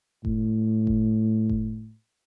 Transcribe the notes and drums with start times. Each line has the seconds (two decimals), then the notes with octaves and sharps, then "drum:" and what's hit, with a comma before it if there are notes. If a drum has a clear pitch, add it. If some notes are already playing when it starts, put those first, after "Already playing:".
0.25 A2, drum: kick F#1
0.87 drum: kick F#1
1.49 drum: kick F#1